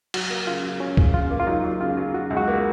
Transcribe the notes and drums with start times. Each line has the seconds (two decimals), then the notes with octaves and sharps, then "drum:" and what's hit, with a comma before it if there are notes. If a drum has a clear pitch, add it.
0.14 F#3 F#4, drum: cymbal
0.30 A#3
0.47 C#3 F4
0.63 F#3
0.80 C#3 C#4
0.97 C#3, drum: kick
1.14 C#3 F4
1.31 A#3
1.39 F4
1.47 F#3 D#4
1.64 F#3
1.81 C#3 F4
1.97 F#3
2.14 C#3 F#4
2.30 C#2
2.37 F#4
2.48 A#3